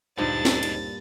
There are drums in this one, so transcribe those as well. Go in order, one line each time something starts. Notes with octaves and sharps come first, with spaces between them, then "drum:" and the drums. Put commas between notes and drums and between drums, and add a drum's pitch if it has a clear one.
D2 G2 A#2 G#3 D4 D#4 C5 A6
drum: snare
drum: cymbal